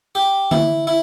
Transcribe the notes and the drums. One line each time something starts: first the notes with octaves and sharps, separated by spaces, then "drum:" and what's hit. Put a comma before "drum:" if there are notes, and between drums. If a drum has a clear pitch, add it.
G4
E4, drum: tom D3
E4